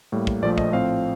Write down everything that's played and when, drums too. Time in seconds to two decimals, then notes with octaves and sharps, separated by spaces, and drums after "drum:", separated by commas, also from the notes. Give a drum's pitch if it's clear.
0.12 A2 G3 A#3
0.27 drum: kick
0.42 A#1 A#2 F3 A3 D5
0.58 D#5, drum: kick
0.72 A2 F3 C4 F5